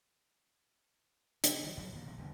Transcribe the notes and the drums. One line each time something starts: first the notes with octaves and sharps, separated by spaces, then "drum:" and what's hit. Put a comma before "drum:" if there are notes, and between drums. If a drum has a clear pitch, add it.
C#3, drum: hi-hat
D#3 E3 F#3
F#2 A2 F#3 G3
G2 A#2 D#3 F#3
A#1 C3 F#3 G3
G1 E2 D3 G3